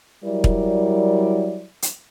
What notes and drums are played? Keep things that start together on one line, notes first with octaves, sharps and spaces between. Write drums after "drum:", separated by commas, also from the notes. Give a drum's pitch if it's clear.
F#3 G3 E4 A#4 D5
drum: kick
drum: hi-hat